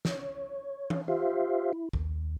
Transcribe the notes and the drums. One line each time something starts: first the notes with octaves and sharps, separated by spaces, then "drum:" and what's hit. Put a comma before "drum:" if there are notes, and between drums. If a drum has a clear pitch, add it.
C#5, drum: snare
drum: tom E3
F4 G4 C5 E5 F5
E4
D#2, drum: kick A#1